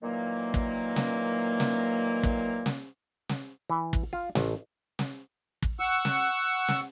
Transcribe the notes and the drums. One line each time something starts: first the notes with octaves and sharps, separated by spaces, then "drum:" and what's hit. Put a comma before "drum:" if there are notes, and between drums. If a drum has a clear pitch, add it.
A#2 D#3 E3 F#3 A#3
drum: kick
drum: snare
drum: snare
drum: kick
drum: snare
drum: snare
E3
drum: kick
F4
A1, drum: snare
drum: snare
drum: kick
F#5 C#6 E6
drum: snare
drum: snare